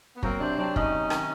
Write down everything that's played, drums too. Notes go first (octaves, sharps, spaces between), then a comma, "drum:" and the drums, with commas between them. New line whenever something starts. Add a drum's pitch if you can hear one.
B3
F#3 A#3 C4, drum: kick
C3 C4 D4
F#3 C4 D4
F#3 C#4 D#4, drum: kick
C3
D#3, drum: rim click